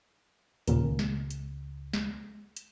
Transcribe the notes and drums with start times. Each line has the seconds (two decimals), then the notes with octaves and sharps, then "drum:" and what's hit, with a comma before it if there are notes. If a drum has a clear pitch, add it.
0.68 D#2 A#2 C#3 A#4, drum: hi-hat
0.86 C#2
0.99 drum: snare
1.31 drum: hi-hat
1.94 drum: snare
2.56 drum: hi-hat